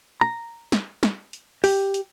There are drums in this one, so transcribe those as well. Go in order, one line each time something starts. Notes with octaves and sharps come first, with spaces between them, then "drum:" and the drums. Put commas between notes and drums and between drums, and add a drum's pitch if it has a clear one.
A#5
drum: snare
drum: snare
drum: hi-hat
G4, drum: open hi-hat
drum: hi-hat